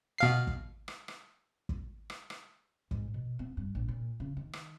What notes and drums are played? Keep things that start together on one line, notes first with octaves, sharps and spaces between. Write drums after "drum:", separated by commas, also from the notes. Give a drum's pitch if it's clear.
B2 F5 C7
drum: kick
drum: rim click
drum: rim click
drum: kick
drum: rim click
drum: rim click
G#2, drum: kick
B2
B3
G2
A#1
A#2
C#3
D#3
drum: rim click